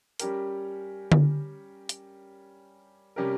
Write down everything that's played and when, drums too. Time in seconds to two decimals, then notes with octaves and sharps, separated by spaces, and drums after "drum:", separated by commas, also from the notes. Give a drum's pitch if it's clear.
0.20 G3 C#4 G4 A#4, drum: hi-hat
1.12 drum: tom D3
1.89 drum: hi-hat
3.16 C3 G3 C#4 G4 A#4